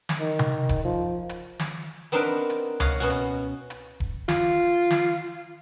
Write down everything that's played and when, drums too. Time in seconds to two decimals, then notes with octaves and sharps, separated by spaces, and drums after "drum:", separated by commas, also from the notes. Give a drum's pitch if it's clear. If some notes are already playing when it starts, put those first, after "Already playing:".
0.09 drum: snare
0.20 D#3
0.39 drum: tom C3
0.69 drum: kick D#1, hi-hat
0.85 F3
1.29 drum: hi-hat
1.59 drum: snare
2.12 B3 C4 D4 D#4 A#4 B4
2.50 drum: hi-hat
2.80 C#5 D#5 F5 F#5 A#5, drum: tom C#2
3.00 B2 C#4 F#4
3.10 drum: hi-hat
3.70 drum: hi-hat
4.00 drum: kick D#1
4.28 F4, drum: snare
4.91 drum: snare